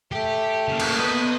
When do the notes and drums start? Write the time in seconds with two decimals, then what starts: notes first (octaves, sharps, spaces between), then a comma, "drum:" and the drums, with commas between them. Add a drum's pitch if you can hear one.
0.12 A3 G4
0.68 C#3 A#3
0.80 drum: cymbal
0.99 B3 B4 D#5